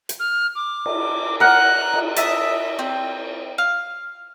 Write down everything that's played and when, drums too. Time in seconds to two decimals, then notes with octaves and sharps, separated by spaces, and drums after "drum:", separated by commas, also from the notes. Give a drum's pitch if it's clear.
0.09 drum: hi-hat
0.20 F6
0.55 D6
0.86 drum: cymbal
1.40 A#4 F#5 F#6
1.94 drum: cymbal
2.16 D#5 E5 A5, drum: hi-hat
2.79 C4
3.58 F5